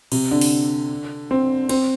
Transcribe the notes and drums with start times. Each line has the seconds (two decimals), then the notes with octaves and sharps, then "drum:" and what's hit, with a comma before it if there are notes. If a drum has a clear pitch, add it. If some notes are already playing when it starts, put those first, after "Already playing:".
0.12 C3, drum: cymbal
0.31 D3
0.41 drum: open hi-hat
1.31 C4
1.69 C4, drum: cymbal